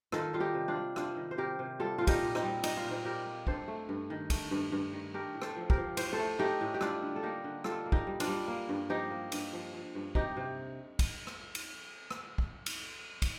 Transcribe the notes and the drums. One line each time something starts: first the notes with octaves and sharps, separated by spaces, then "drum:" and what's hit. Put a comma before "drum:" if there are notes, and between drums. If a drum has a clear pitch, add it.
D#3 F4 A4, drum: rim click
G3 F4
D#4 G4
C3
D4 F4
G3
C3 D4 F4, drum: rim click
D#3
C5
C3 G4 A#4
C3
G3 F4 A4
A#2 F4
D#4 G4, drum: kick, cymbal
A#2
C4 D#4, drum: rim click
G3
A#2 D#4, drum: cymbal
F4
A#2
C4 D#4
A#2 G4 A#4
A#3
G2 A4 C5, drum: kick
A3
G2
D#3
A3, drum: kick, cymbal
G2
G2
D#3
A3 G4 A#4
A2
A4 C5, drum: rim click
F3
G4 A#4, drum: kick
F3
A2 C5, drum: cymbal
A4 C5
A3
A3 D#4 G4
A2
G4
G3 D4 F4, drum: rim click
D3
A4
A#3 D#4 G4
D3
G3 F4 A4, drum: rim click
A#3
D#4 G4, drum: kick
G3
D4 F4, drum: cymbal
G3
A#3
G2
F3 D#4 G4
A#3
G2, drum: cymbal
F3
F3
G2
C3 D#4 G4, drum: kick
C3
drum: kick, cymbal
drum: rim click
drum: cymbal
drum: rim click
drum: kick
drum: cymbal
drum: kick, cymbal